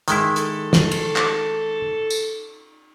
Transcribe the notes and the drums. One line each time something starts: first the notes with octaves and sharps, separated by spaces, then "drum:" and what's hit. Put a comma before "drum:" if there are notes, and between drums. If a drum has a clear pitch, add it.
D#3 G#3 E4, drum: hi-hat
A4, drum: hi-hat
drum: snare
drum: cymbal
drum: clap
drum: tambourine